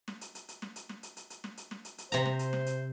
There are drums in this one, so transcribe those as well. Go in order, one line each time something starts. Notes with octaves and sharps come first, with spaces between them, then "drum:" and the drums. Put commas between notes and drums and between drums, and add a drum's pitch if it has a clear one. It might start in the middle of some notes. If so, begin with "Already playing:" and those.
drum: snare
drum: hi-hat
drum: hi-hat
drum: hi-hat
drum: snare
drum: hi-hat
drum: snare
drum: hi-hat
drum: hi-hat
drum: hi-hat
drum: snare
drum: hi-hat
drum: snare
drum: hi-hat
drum: hi-hat
C3 C5 A#5, drum: hi-hat
drum: snare
drum: hi-hat
drum: snare
drum: hi-hat